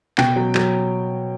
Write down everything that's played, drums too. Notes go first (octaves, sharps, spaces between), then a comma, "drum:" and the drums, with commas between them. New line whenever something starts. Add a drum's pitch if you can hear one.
B2 G5, drum: clap
F#3
F#3, drum: clap